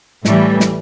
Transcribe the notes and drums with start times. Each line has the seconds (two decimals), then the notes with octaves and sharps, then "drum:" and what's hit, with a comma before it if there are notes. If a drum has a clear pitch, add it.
0.25 A2 E3 G3 A3, drum: snare
0.60 drum: snare